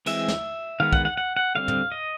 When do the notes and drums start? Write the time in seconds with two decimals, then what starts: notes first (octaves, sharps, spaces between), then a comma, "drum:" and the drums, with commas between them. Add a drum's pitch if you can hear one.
0.06 E3 G#3 C4 E5, drum: cymbal
0.28 drum: snare
0.80 D#3 G#3 B3 F5
0.93 F#5, drum: kick
1.05 F#5
1.17 F#5
1.37 F#5
1.55 D3 G3 C4 F5
1.68 drum: tom
1.92 D#5